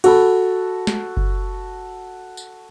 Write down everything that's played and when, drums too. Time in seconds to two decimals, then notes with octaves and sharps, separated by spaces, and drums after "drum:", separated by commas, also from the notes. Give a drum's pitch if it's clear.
0.04 F#4 A4 B5, drum: cymbal
0.87 drum: snare
1.17 drum: kick F#1
2.37 drum: tambourine